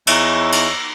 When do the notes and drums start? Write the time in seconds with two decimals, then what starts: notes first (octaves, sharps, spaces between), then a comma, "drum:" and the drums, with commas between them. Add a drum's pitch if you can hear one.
0.07 E2 D#4 C#5 E5, drum: cymbal
0.52 drum: cymbal